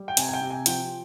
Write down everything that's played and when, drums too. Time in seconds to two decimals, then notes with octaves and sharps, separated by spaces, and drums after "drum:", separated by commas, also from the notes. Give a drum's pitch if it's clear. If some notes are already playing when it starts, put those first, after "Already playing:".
Already playing: G3
0.08 G5
0.17 C3 G#5, drum: hi-hat
0.29 G#5
0.34 G5
0.41 C3
0.50 G#5
0.66 F3 G5, drum: hi-hat